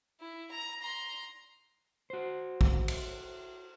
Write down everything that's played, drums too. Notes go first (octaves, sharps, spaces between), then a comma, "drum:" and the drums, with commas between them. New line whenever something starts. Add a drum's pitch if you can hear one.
E4
A#5
A#5 C6
F#4 C5
drum: kick
drum: cymbal